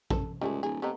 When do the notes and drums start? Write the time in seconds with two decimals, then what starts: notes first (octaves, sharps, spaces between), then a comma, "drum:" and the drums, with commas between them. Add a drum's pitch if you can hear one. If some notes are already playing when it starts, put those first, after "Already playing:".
0.10 A4, drum: kick A#1
0.41 C#2 G3 A3 G#4
0.63 D1 G#4
0.82 C3 A3 B3 D#4